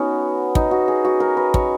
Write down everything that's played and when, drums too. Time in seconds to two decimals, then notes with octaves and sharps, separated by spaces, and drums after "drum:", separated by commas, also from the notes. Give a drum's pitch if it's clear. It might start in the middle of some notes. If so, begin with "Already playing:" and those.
Already playing: B3 C#4 D#4 F#4
0.55 D#4, drum: kick
0.71 F#4
0.88 G#4
1.05 F#4
1.20 A#4
1.37 B4
1.54 C#5, drum: kick